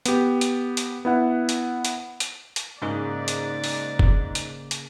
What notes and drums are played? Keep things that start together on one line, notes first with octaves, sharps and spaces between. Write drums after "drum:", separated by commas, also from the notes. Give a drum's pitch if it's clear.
B3 G4, drum: hi-hat
drum: hi-hat
drum: hi-hat
B3 E4 F#5
drum: hi-hat
drum: hi-hat
drum: hi-hat
drum: hi-hat
G#2 C#3 A#3 G#4 D5
drum: hi-hat
drum: open hi-hat
drum: kick F1
drum: hi-hat
drum: hi-hat